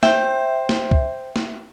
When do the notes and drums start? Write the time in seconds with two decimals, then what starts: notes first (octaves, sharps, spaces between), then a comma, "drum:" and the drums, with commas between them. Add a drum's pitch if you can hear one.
0.03 C5 E5 G5, drum: snare
0.69 drum: snare
0.91 drum: kick C2
1.36 drum: snare